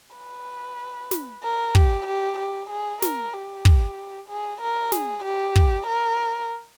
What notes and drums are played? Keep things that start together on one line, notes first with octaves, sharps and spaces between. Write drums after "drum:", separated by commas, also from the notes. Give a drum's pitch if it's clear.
B4
drum: snare
A#4
G4, drum: kick
G4
G4
G#4
A#4, drum: snare
G4
drum: kick
G#4
A#4
G#4, drum: snare
G4
drum: kick
A#4